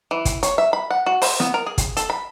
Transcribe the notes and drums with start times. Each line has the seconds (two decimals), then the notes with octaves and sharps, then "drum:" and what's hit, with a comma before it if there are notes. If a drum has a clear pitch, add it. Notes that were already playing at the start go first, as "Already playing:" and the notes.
0.11 E3
0.25 drum: kick, hi-hat
0.43 C#5, drum: hi-hat
0.58 E5
0.73 B5
0.91 F#5
1.06 F#4
1.22 C5, drum: open hi-hat
1.40 B3, drum: snare
1.54 A#4
1.67 G#4
1.78 drum: kick, hi-hat
1.97 A4, drum: hi-hat
2.10 B5